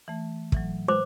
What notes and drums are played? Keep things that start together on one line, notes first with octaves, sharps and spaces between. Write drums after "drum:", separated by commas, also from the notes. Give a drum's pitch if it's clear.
E3 A3
A2 E3 F#3, drum: kick
B4 C5 D6